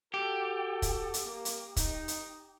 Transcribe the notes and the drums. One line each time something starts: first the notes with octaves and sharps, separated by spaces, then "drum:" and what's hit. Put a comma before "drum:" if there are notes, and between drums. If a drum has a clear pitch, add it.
F#4 G4 A4
drum: kick, hi-hat
drum: hi-hat
A#3
drum: hi-hat
D#4, drum: kick, hi-hat
drum: hi-hat